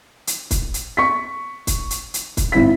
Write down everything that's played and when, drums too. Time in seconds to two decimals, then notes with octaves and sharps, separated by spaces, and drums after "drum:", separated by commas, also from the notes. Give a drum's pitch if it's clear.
0.27 drum: hi-hat
0.51 drum: kick, hi-hat
0.74 drum: hi-hat
0.97 C#6 B6
1.67 drum: kick, hi-hat
1.90 drum: hi-hat
2.14 drum: hi-hat
2.37 drum: kick, hi-hat
2.52 G#1 E4 B6